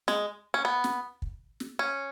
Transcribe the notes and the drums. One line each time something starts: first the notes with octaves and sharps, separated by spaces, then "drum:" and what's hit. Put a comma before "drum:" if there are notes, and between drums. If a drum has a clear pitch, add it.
G#3, drum: snare
C#4
B3
drum: snare
drum: kick
drum: snare
C#4